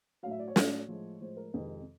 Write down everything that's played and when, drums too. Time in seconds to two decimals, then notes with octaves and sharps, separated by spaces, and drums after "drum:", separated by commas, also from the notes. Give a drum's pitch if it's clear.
0.23 A2 F#3 F5
0.31 E5
0.39 D5
0.48 C#5
0.56 A2 F#3, drum: snare
0.88 A2 F3 G#3
1.21 A2 F3 G#3 C5
1.37 A#4
1.53 F2 C3 D#3 G#3 B4